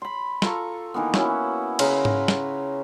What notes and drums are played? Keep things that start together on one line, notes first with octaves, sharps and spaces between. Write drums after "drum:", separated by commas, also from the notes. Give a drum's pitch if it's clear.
B5 C6
F4 A4 A#5 C#6, drum: snare
D#3 E3 A#3 B3
C#4 E4 F#4, drum: snare
C#3 A#4 B4 C6, drum: cymbal
drum: tom G#2
drum: snare